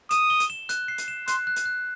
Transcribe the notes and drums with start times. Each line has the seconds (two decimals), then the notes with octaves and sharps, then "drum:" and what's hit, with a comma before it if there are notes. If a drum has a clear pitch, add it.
0.11 D#6 E7, drum: hi-hat
0.30 G7
0.40 drum: hi-hat
0.50 E7
0.69 F#6, drum: hi-hat
0.88 C7
0.98 drum: hi-hat
1.08 E7
1.28 C6 F#6, drum: hi-hat
1.47 F#6
1.56 drum: hi-hat
1.65 F#6